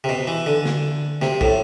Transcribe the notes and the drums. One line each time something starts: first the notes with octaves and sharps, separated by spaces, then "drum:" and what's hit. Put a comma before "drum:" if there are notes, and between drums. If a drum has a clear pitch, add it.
C3
B2
E3
D3
drum: snare
C3, drum: snare
A2, drum: kick